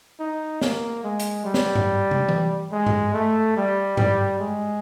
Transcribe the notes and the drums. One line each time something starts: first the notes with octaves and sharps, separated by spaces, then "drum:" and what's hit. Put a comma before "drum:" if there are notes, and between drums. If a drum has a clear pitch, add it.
D#4
A#3, drum: snare
G#3
drum: hi-hat
G3
drum: snare
drum: tom G2
drum: tom
drum: tom E3
G#3
drum: tom G2
A3
G3
G3, drum: tom G2
G#3